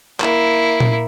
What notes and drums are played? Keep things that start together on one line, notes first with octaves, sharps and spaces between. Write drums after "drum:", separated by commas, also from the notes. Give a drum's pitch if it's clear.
A#3 E4, drum: clap
drum: tom A#2